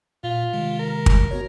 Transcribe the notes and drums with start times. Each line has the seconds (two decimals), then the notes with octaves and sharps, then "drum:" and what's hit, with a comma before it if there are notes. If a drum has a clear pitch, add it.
0.24 A#2 F4
0.53 C3 D#3 G#3
0.79 A#4
1.06 drum: kick
1.31 B3 F#4 C#5